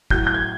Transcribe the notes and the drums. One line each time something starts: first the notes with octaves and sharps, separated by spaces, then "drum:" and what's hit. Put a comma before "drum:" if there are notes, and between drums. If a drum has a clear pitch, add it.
A2 F#3 G6, drum: kick
G6
G#6